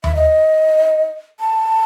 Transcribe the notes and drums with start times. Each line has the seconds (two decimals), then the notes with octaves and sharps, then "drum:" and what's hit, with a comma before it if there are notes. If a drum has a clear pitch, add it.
0.04 E5, drum: tom D#2
0.15 D#5
1.40 A5